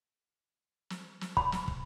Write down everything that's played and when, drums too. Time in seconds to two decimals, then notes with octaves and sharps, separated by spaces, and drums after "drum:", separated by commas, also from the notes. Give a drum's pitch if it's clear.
0.90 drum: snare
1.21 drum: snare
1.37 B5, drum: kick
1.52 drum: snare
1.68 drum: kick